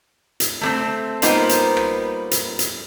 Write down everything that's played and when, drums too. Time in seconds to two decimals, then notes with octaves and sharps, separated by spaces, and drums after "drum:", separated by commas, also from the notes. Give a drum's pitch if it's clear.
0.40 drum: hi-hat
0.61 A3 A#3 C4
1.22 G3 A#3 B3 D#4 F4 C5, drum: hi-hat
1.49 drum: hi-hat
1.77 drum: rim click
2.31 drum: hi-hat
2.59 drum: hi-hat